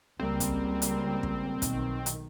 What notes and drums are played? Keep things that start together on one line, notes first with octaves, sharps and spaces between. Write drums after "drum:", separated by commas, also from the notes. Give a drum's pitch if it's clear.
C#2 G3 A#3 C4
drum: kick, hi-hat
drum: hi-hat
drum: kick
B1 D#3, drum: kick, hi-hat
drum: hi-hat